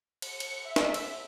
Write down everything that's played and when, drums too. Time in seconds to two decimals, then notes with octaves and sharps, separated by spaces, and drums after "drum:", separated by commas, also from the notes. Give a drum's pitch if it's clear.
0.22 C#7, drum: cymbal
0.40 drum: cymbal
0.65 E5
0.76 drum: snare
0.94 drum: cymbal